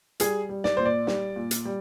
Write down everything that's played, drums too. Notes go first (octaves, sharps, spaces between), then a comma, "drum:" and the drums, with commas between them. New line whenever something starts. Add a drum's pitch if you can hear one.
G3 G#4, drum: hi-hat
G3
D5, drum: snare
A#2 C5
D5
G3, drum: snare
A#2
drum: hi-hat
G3